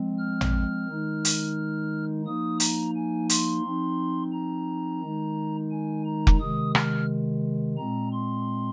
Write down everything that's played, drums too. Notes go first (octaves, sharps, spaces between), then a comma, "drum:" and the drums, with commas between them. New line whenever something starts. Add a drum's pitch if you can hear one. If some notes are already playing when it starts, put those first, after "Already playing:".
Already playing: F3 G#3 C4
F6
drum: tom A1
D#3 G#3 D#4
drum: hi-hat
F3 A#3 D#4 D#6
A#5, drum: hi-hat
G#5
C6, drum: hi-hat
F3 C4 D#4
A#5
D#3 G#3 D#4
G#5
A#5
drum: kick F1
C3 D#3 G#3 D#6
F6, drum: rim click
A#2 G#3 C4 A#5
C6